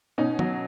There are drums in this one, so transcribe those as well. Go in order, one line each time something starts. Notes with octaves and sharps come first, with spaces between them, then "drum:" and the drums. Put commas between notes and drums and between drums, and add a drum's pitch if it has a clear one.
B2 C#4 D#4
F#3, drum: tom